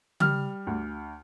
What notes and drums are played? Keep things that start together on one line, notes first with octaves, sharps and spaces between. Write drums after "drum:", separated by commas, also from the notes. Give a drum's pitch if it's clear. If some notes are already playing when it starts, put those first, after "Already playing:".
G3 F6, drum: tom C#3
D2